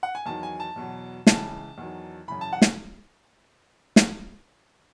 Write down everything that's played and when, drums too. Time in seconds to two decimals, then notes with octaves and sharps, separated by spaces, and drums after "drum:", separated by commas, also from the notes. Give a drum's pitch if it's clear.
0.03 F#5
0.15 G#5
0.26 E2 D#3 F#3 A5
0.43 G#5
0.60 A5
0.76 E2 B2 F#3
1.27 C#2 C#3 E3 A5, drum: snare
1.78 E2 D#3 F#3
2.28 F#2 C#3 E3 B5
2.41 A5
2.53 F#5
2.62 drum: snare
3.96 drum: snare